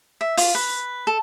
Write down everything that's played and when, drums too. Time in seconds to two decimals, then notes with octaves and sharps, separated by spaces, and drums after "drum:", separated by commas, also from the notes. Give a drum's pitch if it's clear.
0.21 E5
0.37 F4, drum: open hi-hat
0.55 B4
1.07 A4